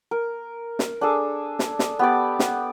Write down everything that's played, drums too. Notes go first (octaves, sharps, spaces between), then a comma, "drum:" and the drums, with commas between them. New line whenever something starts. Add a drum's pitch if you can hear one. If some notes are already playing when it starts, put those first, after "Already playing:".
A#4
drum: snare
D4 G#4 A4
drum: snare
drum: snare
B3 G4 D5
drum: snare